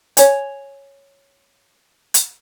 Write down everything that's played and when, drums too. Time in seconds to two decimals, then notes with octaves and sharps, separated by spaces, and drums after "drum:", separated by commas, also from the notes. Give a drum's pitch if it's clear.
0.17 C#5 G#5, drum: hi-hat
2.14 drum: hi-hat